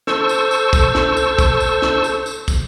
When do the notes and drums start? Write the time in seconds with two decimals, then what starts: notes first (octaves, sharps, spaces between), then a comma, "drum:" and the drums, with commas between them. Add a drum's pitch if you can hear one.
0.07 A4 C5 C#6 E6, drum: snare
0.29 drum: tambourine
0.51 drum: tambourine
0.73 drum: kick, tambourine
0.95 drum: snare
1.17 drum: tambourine
1.38 drum: kick, tambourine
1.60 drum: tambourine
1.82 drum: snare
2.04 drum: tambourine
2.26 drum: tambourine
2.48 drum: kick, tambourine